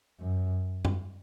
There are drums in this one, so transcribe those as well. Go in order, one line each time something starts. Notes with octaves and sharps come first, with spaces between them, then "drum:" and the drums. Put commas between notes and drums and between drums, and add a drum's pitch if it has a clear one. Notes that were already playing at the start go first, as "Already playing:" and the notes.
F#2
drum: tom F#2